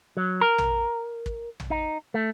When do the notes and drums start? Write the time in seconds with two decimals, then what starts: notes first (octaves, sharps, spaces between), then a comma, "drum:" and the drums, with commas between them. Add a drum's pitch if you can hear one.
0.17 F#3
0.41 A#4
0.58 drum: tom
1.26 drum: kick
1.60 drum: tom
1.70 D#4
2.14 A3